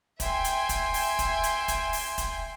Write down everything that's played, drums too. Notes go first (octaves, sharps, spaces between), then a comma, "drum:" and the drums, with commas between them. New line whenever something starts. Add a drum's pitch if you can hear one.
E5 G5 G#5 C6, drum: kick, hi-hat
drum: hi-hat
drum: kick, hi-hat
drum: open hi-hat
drum: kick, hi-hat
drum: hi-hat
drum: kick, hi-hat
drum: open hi-hat
drum: kick, hi-hat